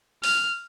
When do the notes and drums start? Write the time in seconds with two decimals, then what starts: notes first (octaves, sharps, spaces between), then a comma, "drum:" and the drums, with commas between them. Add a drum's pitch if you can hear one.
0.24 F6, drum: open hi-hat